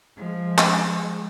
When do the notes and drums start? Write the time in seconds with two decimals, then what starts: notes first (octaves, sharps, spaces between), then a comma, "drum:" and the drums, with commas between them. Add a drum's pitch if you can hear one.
0.17 F3 G#3
0.58 drum: clap